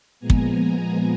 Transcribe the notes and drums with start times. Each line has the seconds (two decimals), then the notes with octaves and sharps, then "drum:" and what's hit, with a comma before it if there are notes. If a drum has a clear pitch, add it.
0.20 A#2 F3 G#3 B3 G#5 A#5
0.30 drum: kick